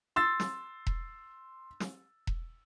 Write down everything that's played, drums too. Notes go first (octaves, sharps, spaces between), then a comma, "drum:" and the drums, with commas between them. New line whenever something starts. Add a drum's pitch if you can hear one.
C6 E6 A6
drum: snare
drum: kick E1
drum: snare
drum: kick E1